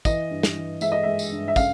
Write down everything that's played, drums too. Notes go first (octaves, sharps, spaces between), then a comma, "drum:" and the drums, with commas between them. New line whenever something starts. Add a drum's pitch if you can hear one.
E3 D#5, drum: kick, tambourine
G2
drum: snare
E3
G#3 E5, drum: tambourine
D#5
G#3 E5
drum: tambourine
G2
E5
C#3 F5, drum: kick, tambourine